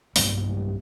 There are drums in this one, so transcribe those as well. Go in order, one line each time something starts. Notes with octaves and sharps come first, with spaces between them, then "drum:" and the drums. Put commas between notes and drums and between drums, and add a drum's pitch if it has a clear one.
B1 G2 G3 A#3, drum: open hi-hat